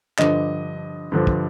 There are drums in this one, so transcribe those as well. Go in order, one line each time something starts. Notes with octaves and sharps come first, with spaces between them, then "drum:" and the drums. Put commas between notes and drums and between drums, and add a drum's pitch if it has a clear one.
G2 D3 F3 D#5, drum: clap
G2 D3 F3
drum: kick